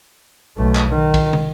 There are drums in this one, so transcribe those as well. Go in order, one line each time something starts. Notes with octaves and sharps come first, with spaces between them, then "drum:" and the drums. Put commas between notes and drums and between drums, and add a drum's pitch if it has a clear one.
B1 A3
drum: clap
D#3
drum: kick, cymbal
drum: tom